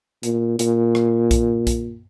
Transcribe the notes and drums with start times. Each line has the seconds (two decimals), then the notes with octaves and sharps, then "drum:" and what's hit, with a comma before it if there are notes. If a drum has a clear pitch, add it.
0.23 A#2, drum: hi-hat
0.59 A#2, drum: hi-hat
0.95 drum: rim click
1.31 drum: kick B1, hi-hat
1.67 drum: kick B1, hi-hat